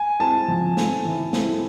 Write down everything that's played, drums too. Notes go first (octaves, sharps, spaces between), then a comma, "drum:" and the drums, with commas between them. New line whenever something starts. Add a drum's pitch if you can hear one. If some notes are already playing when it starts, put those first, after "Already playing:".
Already playing: G#5
G#3 C4 E4 G#4 A5
F3
A3 C4 D#4, drum: snare
E3
G#3 C4 E4 A4, drum: snare